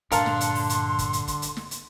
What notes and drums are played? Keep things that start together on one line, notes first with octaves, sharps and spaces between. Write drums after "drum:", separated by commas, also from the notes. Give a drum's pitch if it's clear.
G2 A#2 D3 A#4 F5 A5 C6, drum: hi-hat
drum: snare
drum: hi-hat
drum: open hi-hat
drum: hi-hat
drum: kick, hi-hat
drum: hi-hat
drum: kick, hi-hat
drum: hi-hat
drum: snare
drum: hi-hat